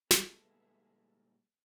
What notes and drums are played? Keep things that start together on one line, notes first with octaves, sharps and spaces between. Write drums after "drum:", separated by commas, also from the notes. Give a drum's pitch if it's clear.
A#2 G3 G#3 B3 G#4 A4 E5, drum: snare